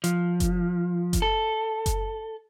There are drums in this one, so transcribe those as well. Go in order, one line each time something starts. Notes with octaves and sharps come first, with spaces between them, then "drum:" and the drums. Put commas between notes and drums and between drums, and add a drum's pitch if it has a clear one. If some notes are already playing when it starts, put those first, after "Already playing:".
F3, drum: hi-hat
drum: kick F#1, hi-hat
drum: kick F#1, hi-hat
A4
drum: kick F#1, hi-hat